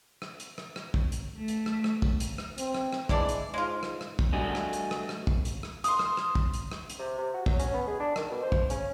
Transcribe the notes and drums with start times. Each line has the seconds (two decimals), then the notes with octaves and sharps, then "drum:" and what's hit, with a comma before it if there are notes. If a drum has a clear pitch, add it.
0.22 drum: rim click
0.40 drum: hi-hat
0.58 drum: rim click
0.76 drum: rim click
0.94 drum: kick
1.12 drum: hi-hat
1.37 A3
1.48 drum: hi-hat
1.66 drum: rim click
1.84 drum: rim click
2.02 drum: kick
2.20 drum: hi-hat
2.38 drum: rim click
2.58 C4, drum: hi-hat
2.74 drum: rim click
2.93 drum: rim click
3.09 E3 G#3 D4 D5, drum: kick
3.29 drum: hi-hat
3.54 G#2 G#3 F4
3.83 drum: rim click
4.01 drum: rim click
4.19 drum: kick
4.32 G3 A3 D4 F#4 D#5 G#5
4.55 drum: rim click
4.73 drum: hi-hat
4.91 drum: rim click
5.09 drum: rim click
5.27 drum: kick
5.45 drum: hi-hat
5.63 drum: rim click
5.84 C6 D#6, drum: hi-hat
5.99 drum: rim click
6.17 drum: rim click
6.35 drum: kick
6.53 drum: hi-hat
6.72 drum: rim click
6.90 drum: hi-hat
7.00 C3
7.18 C3
7.34 F#4
7.46 F#3, drum: kick
7.60 C#4, drum: hi-hat
7.74 B3
7.87 G#4
8.00 D4
8.16 D#3, drum: rim click
8.31 B2
8.43 C5
8.52 drum: kick
8.70 C#4, drum: hi-hat